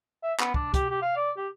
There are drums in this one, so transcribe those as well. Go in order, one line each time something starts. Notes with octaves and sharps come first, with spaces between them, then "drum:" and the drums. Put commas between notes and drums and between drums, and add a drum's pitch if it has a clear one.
E5
B3, drum: clap
D4, drum: kick
G4, drum: kick, hi-hat
G4
F5
D5
G4